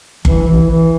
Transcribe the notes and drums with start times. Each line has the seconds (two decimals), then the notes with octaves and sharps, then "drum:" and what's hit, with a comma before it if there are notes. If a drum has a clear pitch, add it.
0.25 E3, drum: kick G1
0.47 E3
0.70 E3